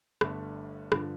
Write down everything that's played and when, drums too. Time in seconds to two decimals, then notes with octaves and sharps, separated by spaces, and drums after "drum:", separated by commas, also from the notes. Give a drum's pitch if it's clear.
0.21 G1 G2 D3 A3, drum: rim click
0.92 G2 D3 F3, drum: rim click